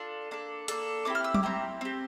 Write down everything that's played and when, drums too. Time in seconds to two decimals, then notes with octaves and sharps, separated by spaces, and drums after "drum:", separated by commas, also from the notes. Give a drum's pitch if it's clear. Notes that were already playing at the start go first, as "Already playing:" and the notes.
Already playing: D4 F4 A4
0.31 A#3 D4 A4
0.68 A#3 D4 A4, drum: hi-hat
1.05 C4 E4 G4 D6
1.15 F6
1.24 E6
1.34 D6, drum: tom F#3
1.43 C4 E4 G4 A#5
1.81 C4 G4